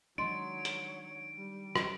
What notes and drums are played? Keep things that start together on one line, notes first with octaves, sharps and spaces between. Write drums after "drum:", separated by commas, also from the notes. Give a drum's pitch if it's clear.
D#3 F#3 G#3 D4 C#5 D#5 C6 D7
drum: hi-hat
G3
drum: rim click